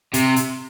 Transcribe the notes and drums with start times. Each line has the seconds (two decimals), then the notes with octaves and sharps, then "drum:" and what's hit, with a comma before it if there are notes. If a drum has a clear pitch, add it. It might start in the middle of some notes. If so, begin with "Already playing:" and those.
0.14 C3, drum: hi-hat
0.36 drum: hi-hat